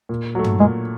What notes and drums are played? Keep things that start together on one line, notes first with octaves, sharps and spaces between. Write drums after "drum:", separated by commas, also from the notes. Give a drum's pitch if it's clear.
A#2
F#3 A3
drum: tom
A#2 G#3